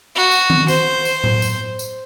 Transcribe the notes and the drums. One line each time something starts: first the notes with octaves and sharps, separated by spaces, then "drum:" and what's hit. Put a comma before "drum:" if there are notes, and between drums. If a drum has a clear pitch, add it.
F#4
drum: tambourine
drum: tom D#3
C5, drum: tambourine
drum: tambourine
drum: tom A2
drum: tambourine
drum: tambourine